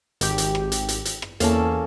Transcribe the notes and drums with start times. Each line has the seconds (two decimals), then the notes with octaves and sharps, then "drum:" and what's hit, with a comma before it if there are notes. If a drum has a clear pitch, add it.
0.21 G#1 G4, drum: hi-hat
0.38 drum: hi-hat
0.55 drum: rim click
0.72 drum: hi-hat
0.89 drum: hi-hat
1.05 drum: hi-hat
1.22 drum: rim click
1.40 E2 A#3 C#4 A4, drum: hi-hat